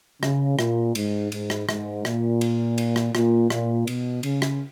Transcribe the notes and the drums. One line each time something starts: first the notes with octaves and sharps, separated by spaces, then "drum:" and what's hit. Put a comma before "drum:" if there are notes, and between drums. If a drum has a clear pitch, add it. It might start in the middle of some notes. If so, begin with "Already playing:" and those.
C#3, drum: rim click
A#2, drum: rim click
G#2, drum: cymbal
G#2, drum: cymbal
drum: rim click
G#2, drum: rim click
A#2, drum: rim click
drum: cymbal
drum: cymbal
drum: rim click
A#2, drum: rim click
A#2, drum: rim click
B2, drum: cymbal
C#3, drum: cymbal
drum: rim click